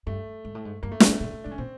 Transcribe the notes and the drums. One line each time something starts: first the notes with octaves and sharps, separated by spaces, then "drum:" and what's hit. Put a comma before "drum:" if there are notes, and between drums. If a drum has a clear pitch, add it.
G2 A3
G#2
A2
G#2
G2 A#3
A3
G#3, drum: snare
A2 A3
A#2
A2
G#2 D4
C#4
A#2 C4